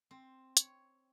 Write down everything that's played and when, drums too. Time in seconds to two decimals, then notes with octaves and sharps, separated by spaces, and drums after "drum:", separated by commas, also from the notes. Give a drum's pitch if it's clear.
0.11 C4
0.57 C#5, drum: hi-hat